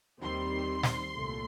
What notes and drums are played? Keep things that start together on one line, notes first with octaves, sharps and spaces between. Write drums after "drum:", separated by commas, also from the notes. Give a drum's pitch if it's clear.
D#2 D#3 G3 C4 C6
drum: snare
C2 A#2 A3